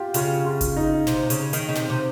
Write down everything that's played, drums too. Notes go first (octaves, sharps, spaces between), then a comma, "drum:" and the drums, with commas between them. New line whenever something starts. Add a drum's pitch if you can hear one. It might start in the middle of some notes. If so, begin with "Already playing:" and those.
Already playing: F4 G4
C#3 F4, drum: hi-hat
F4
drum: kick G1, hi-hat
D#4
C3, drum: snare
C3
C#3, drum: hi-hat
D#3, drum: hi-hat
C#3
C3, drum: snare
C3